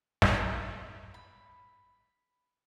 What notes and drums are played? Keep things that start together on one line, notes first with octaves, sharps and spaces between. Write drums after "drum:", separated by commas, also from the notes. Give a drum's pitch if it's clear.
D#5, drum: snare
B5